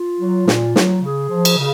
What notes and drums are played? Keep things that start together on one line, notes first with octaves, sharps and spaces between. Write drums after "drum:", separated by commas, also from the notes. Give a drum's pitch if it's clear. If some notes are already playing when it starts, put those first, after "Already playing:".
Already playing: F4
F#3
A#2, drum: snare
F#3, drum: snare
C#3 G#4
F3
drum: cymbal
C#3